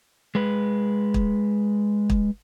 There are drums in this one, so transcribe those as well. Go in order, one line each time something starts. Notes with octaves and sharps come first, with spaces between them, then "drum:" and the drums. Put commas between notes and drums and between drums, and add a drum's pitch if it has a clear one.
G#3 B4
drum: kick
drum: kick